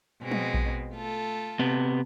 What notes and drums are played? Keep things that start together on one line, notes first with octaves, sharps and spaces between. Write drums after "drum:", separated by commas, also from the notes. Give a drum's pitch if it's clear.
B2 G#3 C4
drum: tom F3
drum: kick A#1
A3 F4 A4
C3 B3